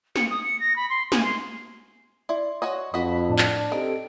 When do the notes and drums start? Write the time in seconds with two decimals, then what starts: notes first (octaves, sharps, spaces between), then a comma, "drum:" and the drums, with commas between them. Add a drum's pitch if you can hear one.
0.16 C#7, drum: snare
0.31 D#6
0.44 C#7
0.60 A#6
0.76 B5
0.90 C6
1.12 G#5, drum: snare
1.24 C6
2.29 E4 D5 C6
2.62 F#4 C#5 D#5
2.94 F2 F#4 D#5 B5 B6
3.29 A2 D4
3.38 drum: clap
3.72 C4 D#4 G4 A4 D7